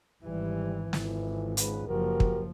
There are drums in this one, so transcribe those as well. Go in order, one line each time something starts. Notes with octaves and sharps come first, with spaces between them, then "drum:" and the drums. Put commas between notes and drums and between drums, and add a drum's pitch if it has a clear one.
G#1 E3 G3
G#1 F2 E3, drum: snare
C#2 G#2 B4, drum: hi-hat
F#1 F3 F#4 G4 A#4
drum: kick